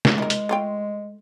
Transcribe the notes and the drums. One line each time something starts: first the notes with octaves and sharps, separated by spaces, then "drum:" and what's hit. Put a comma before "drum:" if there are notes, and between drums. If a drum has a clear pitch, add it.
drum: snare
G#3 E4 A#4
drum: hi-hat
A3 F4 G5